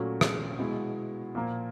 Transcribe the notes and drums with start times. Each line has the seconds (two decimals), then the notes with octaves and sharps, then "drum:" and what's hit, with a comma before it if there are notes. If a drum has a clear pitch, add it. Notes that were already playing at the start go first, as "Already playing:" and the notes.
Already playing: A#2 F#3 A3 C#4 F#4
0.21 drum: rim click
0.59 B2 G#3 B3 E4
1.35 A#2 F3 A#3